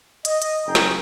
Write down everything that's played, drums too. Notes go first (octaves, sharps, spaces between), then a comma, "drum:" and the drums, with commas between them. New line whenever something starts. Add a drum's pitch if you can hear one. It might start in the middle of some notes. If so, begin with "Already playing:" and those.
D#5, drum: hi-hat
drum: hi-hat
F#1 G#4 G5 A#5
drum: snare